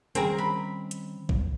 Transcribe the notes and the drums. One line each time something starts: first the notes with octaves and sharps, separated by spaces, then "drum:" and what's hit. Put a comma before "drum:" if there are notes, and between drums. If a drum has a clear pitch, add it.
D#3 G3 C4 C#4 G#4 A#4 A#5, drum: hi-hat
B5
drum: hi-hat
drum: kick A#1